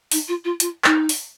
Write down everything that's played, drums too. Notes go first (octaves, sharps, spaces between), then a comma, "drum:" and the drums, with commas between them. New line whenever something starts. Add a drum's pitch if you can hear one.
D#4, drum: open hi-hat
F4
F4
F4, drum: hi-hat
D#4, drum: clap
drum: open hi-hat